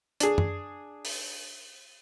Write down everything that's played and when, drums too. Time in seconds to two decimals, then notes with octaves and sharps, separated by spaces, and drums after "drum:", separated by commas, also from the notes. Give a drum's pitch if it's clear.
0.20 D4 G#4, drum: hi-hat
0.38 drum: tom F#2
1.05 drum: open hi-hat